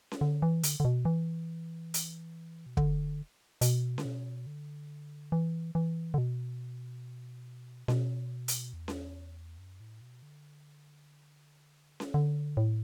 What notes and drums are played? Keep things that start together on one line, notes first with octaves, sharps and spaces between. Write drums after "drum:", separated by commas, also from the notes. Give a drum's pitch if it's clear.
drum: snare C#4
D3
E3
D3, drum: hi-hat
D3
B2
E3
drum: hi-hat
B2
D3, drum: kick
B2, drum: hi-hat
D3, drum: snare C#4
B2
D3
E3
E3
D3
B2
B2, drum: snare C#4
drum: hi-hat
E2
drum: snare C#4
F#2
A2
B2
D3
drum: snare C#4
D3
A2